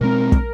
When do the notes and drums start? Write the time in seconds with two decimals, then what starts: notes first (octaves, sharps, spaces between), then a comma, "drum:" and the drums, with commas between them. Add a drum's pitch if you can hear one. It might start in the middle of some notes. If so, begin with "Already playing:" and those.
0.01 B2 G#3 C4 A#4
0.32 drum: kick